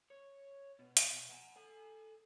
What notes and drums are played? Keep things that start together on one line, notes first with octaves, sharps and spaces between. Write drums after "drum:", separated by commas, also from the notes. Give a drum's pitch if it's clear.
C#5
B2
drum: hi-hat
B2
F#5 G#5
A4 G#5